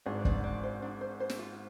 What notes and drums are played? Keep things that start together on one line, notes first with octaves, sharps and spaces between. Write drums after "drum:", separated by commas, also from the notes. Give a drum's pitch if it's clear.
G#1 G#2 D4
D4, drum: kick
D4
C5
D4
C5
C5
drum: snare
F4